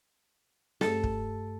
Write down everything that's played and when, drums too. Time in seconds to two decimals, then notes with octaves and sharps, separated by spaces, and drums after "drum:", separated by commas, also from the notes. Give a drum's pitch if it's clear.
0.81 G2 A3 G4 A4, drum: snare
1.04 drum: kick